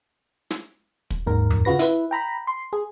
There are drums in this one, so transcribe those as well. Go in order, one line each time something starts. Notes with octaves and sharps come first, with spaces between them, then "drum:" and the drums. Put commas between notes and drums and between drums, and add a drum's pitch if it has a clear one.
drum: snare
drum: kick
D#2 G#2 A#4
drum: tom F2
C#3 F4 F#4 B4 A#6
E4 B4, drum: hi-hat
G5 A#5 B5
C6
G#4